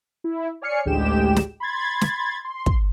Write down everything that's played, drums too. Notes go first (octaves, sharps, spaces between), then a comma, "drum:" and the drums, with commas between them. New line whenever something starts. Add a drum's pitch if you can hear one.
E4
C#5 D5 G#5 F6 C7 C#7
A1 D2 G#3 G4 G5 E7
drum: snare
B5 C6 G#6 A6
drum: snare
C6
drum: kick